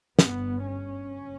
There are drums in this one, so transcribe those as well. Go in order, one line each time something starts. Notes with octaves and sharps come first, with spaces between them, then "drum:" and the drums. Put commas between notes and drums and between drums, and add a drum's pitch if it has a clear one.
G1 G2 B3, drum: snare
C#4
F#1